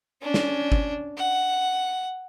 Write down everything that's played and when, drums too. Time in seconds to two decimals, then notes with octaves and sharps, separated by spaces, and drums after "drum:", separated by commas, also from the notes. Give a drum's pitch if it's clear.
0.23 C#4 D4
0.34 drum: snare
0.72 drum: kick G1
1.18 F#5